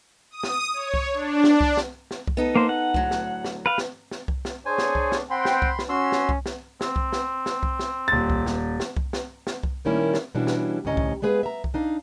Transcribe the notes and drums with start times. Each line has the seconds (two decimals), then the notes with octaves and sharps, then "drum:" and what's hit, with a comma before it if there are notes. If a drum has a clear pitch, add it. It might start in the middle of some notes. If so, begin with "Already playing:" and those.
0.31 D#6
0.43 drum: snare
0.73 C#5
0.94 drum: kick C2
1.14 D4
1.44 drum: snare
1.61 drum: kick C2
1.77 drum: snare
2.11 drum: snare
2.27 drum: kick C2
2.37 B3 D#4 A4
2.56 A#3 C5
2.69 F#5
2.94 D2 A2 F#3, drum: kick C2
3.11 drum: snare
3.45 drum: snare
3.66 B4 F5
3.78 drum: snare
4.11 drum: snare
4.28 drum: kick C2
4.45 drum: snare
4.66 D4 G#4 C5 C#5 G#5
4.78 drum: snare
4.95 drum: kick C2
5.12 drum: snare
5.30 C4 F#5 G5 B5 C6
5.45 drum: snare
5.62 drum: kick C2
5.79 drum: snare
5.89 C#4 F#4 C6 E6
6.12 drum: snare
6.29 drum: kick C2
6.46 drum: snare
6.81 C4, drum: snare
6.96 drum: kick C2
7.13 drum: snare
7.46 drum: snare
7.63 drum: kick C2
7.79 drum: snare
8.08 D#1 A6
8.30 drum: kick C2
8.46 drum: snare
8.80 drum: snare
8.97 drum: kick C2
9.13 drum: snare
9.47 drum: snare
9.63 drum: kick C2
9.85 A#2 D#3 G3 A#3 C#4 E4
10.14 drum: snare
10.35 B2 E3 G3 C#4 D4 E4
10.47 drum: snare
10.85 D2 A2 C3 C#4 D#5 A#5
10.97 drum: kick C2
11.22 G#3 B3 G#4 B4 F5
11.43 E5 A#5
11.64 drum: kick C2
11.74 D4 D#4 F5